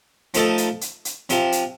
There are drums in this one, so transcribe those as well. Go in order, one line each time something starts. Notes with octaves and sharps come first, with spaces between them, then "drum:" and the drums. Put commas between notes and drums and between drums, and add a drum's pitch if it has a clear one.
F3 A3 D#4 A4, drum: hi-hat
drum: hi-hat
drum: hi-hat
drum: hi-hat
C3 F3, drum: hi-hat
drum: hi-hat